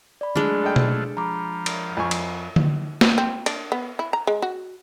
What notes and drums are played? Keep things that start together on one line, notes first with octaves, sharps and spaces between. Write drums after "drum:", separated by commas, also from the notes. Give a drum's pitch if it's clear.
D5 B5
F#3 G#3 A3 D4 F4
A4 D#5 G5
drum: tom B2
F3 A#5 B5 D6
drum: cymbal
F2 G#5 C#6
drum: cymbal
drum: tom D3
drum: snare
C4
D4, drum: cymbal
B3
E4
A#5
G#3
F#4